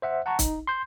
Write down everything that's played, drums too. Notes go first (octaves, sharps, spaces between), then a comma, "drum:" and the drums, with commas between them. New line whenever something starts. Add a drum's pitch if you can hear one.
C5 E5 F#5
F#5 A5 A#5 C#6
D#4, drum: kick, hi-hat
C6 G6